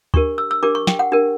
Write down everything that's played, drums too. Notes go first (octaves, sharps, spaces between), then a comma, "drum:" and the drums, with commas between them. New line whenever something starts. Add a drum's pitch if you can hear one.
D4 G4 A#4 C#6, drum: kick
E6
E6
D4 G4 A#4 D6
C#6
G5, drum: snare
F#5
D4 G4 A#4